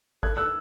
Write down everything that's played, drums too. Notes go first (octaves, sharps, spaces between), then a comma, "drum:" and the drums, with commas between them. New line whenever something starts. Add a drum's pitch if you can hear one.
A4 F#6 G#6, drum: kick G#1
A4 E6 F#6